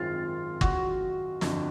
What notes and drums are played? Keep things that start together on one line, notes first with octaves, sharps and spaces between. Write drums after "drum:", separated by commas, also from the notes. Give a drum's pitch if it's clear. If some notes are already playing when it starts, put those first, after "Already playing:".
Already playing: G#1 F#2 D#3 G#3 C4 F4
F#4, drum: kick
G1 F2 D3, drum: snare